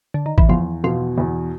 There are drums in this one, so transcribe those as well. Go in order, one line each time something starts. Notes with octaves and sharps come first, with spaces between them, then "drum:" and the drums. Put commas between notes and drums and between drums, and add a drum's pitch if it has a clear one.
D3
D#3
E3, drum: kick G#1
E2 F3
B2 F3
E2 E3